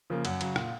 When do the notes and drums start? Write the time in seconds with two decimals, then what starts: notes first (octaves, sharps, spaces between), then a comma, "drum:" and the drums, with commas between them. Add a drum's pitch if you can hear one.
0.10 C#3 F3 A#3
0.25 F#2 F#5, drum: cymbal
0.41 C#3 F#3, drum: cymbal
0.56 A#2, drum: rim click